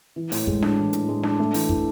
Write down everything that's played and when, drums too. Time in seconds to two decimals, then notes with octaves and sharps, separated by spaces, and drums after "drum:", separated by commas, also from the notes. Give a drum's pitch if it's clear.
0.16 E3
0.32 A2, drum: open hi-hat
0.47 G#3, drum: kick
0.62 D4, drum: snare
0.78 E3
0.93 A2, drum: hi-hat
1.09 G#3
1.23 D4, drum: snare
1.39 A3
1.54 E3, drum: open hi-hat
1.69 E4, drum: kick